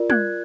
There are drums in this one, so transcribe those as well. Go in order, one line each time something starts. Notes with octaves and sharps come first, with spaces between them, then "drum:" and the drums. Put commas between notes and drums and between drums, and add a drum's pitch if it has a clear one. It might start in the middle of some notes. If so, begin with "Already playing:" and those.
Already playing: F4 A#4 D5
F#6 G#6, drum: tom